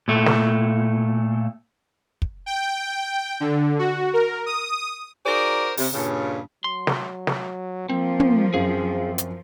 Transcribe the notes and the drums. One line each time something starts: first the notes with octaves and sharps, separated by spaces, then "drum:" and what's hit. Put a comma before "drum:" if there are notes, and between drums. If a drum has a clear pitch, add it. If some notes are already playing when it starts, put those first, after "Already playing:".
A#2 A3
drum: snare
drum: kick
G5
D3
F#4
A#4
D#6
D#4 F#4 G#4 A#4 C5 D5
C3, drum: open hi-hat
G2 A#2 C#3
F#3 C6
drum: snare
drum: snare
F3 A#3 C4
drum: tom
F#2 C4 G#4 C5 F5
drum: hi-hat